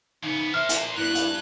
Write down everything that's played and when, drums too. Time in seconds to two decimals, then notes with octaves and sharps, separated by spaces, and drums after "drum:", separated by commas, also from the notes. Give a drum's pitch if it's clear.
0.23 C#3 B3 D#4
0.54 A#4 C5 E5 F6
0.69 drum: hi-hat
0.97 G2 E4 F#6
1.15 drum: hi-hat